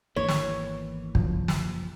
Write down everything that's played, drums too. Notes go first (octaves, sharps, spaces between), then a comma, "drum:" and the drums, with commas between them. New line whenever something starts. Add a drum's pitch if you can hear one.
G#1 E2 E3 A#3 C#5
drum: snare
F#2 C#3 F3, drum: kick
drum: snare